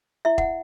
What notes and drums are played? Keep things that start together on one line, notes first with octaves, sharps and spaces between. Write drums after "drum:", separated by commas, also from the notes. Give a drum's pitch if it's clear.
E4 E5
F#5, drum: kick E1